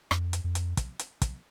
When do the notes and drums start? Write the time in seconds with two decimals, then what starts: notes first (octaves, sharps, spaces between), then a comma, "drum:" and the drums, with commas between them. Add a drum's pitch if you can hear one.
0.11 F2, drum: rim click
0.33 drum: hi-hat
0.44 F2
0.55 drum: hi-hat
0.77 drum: kick, hi-hat
0.99 drum: hi-hat
1.22 drum: kick, hi-hat